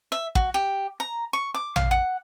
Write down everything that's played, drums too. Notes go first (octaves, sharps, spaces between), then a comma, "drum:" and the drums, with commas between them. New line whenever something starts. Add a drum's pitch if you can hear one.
E5
F#4, drum: kick
G4
A#5
C#6
D6
F5, drum: tom
F#5